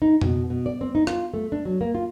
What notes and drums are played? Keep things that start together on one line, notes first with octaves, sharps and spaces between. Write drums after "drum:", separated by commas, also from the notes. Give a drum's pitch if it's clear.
D#4
B2, drum: tom F2
B2
D5
C4
D#4
F4, drum: rim click
A3
D4
F#3
A#3
F4